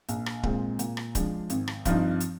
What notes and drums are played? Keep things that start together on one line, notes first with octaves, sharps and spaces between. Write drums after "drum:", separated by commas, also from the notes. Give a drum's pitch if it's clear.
A#1, drum: hi-hat
drum: rim click
A#2 G#3 C4, drum: kick D1
A#2, drum: hi-hat
drum: rim click
F3 G#3 D4, drum: kick D1, hi-hat
G#1, drum: hi-hat
drum: rim click
G2 F3 C4 D#4, drum: kick D1, hi-hat
drum: hi-hat